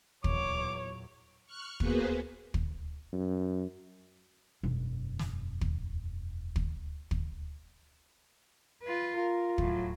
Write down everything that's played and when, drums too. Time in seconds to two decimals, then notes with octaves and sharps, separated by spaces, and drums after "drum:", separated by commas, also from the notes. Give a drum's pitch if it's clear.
0.24 E2 A#2 F#3 C#5 D6, drum: kick
1.46 C#6 F6 F#6 C#7
1.80 A#3 B3 F#4 G#4 B4 C5, drum: kick
2.54 drum: kick
3.12 F#2
4.63 E1 F#2
5.19 drum: snare
5.61 drum: kick
6.56 drum: kick
7.11 drum: kick
8.83 F4 B4
9.16 F4 A#4
9.58 A2 F#3, drum: kick